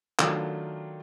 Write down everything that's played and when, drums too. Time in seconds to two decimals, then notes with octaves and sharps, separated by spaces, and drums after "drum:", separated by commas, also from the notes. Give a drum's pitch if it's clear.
0.19 D#3 F#3 A3 D4 F4, drum: clap